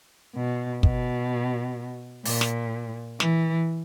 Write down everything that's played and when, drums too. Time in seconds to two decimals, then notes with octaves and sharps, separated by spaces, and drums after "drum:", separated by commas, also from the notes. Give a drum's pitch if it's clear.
0.36 B2
0.83 B2, drum: kick
2.25 A#2, drum: open hi-hat
2.41 drum: snare
3.20 E3, drum: snare